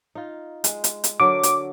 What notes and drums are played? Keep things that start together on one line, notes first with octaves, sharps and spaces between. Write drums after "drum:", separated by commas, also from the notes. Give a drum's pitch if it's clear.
D#4 F4
G#3, drum: hi-hat
drum: hi-hat
drum: hi-hat
D3 F#3 A#4 D6
drum: hi-hat